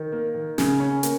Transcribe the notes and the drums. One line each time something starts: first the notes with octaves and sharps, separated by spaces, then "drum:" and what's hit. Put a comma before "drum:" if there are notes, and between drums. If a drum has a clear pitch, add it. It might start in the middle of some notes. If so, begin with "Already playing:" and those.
Already playing: D#3
A#3
D#3
C#3, drum: snare
C#4
A#3, drum: hi-hat